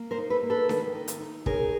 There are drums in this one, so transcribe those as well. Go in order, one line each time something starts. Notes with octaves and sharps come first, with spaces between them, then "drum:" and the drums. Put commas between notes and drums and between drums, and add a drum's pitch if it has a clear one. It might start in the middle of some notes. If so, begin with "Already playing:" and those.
Already playing: A#3
A#4 C5
D#4
A4 B4
A#3
A4 B4
D#3, drum: snare D4
D#4
drum: hi-hat
D#4
C#3 G#4 A#4, drum: kick